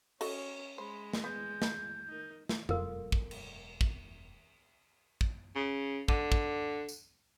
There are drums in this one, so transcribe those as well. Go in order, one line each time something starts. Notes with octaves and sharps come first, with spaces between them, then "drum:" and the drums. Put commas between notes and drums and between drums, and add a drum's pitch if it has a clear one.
C#4 F#4 A4 D#5, drum: cymbal
G#3 C5 B5
drum: snare
B3 G6
drum: snare
D#4 A#4
drum: snare
E1 F#3 F4 A4 A#4, drum: tom F2
drum: kick
drum: cymbal
drum: kick
drum: kick
C#3
D3, drum: kick
drum: kick
drum: tambourine